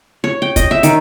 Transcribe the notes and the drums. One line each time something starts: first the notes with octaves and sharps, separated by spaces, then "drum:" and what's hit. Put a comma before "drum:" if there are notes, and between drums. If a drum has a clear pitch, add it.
C#5
G5
D#5, drum: kick, hi-hat
E5
D#3, drum: hi-hat